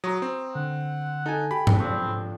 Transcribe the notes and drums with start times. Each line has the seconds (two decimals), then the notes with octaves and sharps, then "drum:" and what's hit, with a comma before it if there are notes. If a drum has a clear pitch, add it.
0.04 F#3 A#5 C#6 D#6
0.22 C4
0.55 D3 F#5
1.26 D#4 A4 G#5
1.51 G4 B5
1.67 drum: tom G2
1.80 F3 C4 D4 C#6